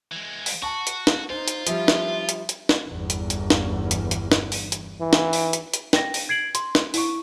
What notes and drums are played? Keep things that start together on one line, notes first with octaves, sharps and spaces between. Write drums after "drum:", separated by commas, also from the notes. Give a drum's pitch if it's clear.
E3 G#3
drum: open hi-hat
F#4 A5 C#6
drum: hi-hat
drum: snare
D#4 F4 C5
drum: hi-hat
F3 G3 E5, drum: hi-hat
drum: snare
drum: hi-hat
drum: hi-hat
drum: snare
G1 E2
drum: hi-hat
drum: hi-hat
drum: snare
drum: hi-hat
drum: hi-hat
drum: snare
drum: open hi-hat
drum: hi-hat
E3
drum: snare
drum: open hi-hat
drum: hi-hat
drum: hi-hat
G5 A#6, drum: snare
drum: open hi-hat
G#6 C7 D7 F#7
C6, drum: hi-hat
drum: snare
E4 C#6, drum: open hi-hat